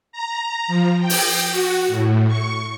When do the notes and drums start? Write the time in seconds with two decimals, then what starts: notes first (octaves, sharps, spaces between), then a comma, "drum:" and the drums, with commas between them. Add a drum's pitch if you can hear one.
0.12 A#5
0.68 F3
1.00 G5
1.10 drum: open hi-hat
1.50 F#4
1.88 A2
2.27 C#6